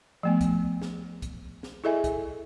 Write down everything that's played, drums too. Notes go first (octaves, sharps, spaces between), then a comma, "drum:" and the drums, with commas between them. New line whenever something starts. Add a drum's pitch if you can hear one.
F3 A3 B3
drum: kick, hi-hat
drum: snare
drum: kick, hi-hat
drum: snare
E4 G#4 A4 D#5 E5 G#5
drum: kick, hi-hat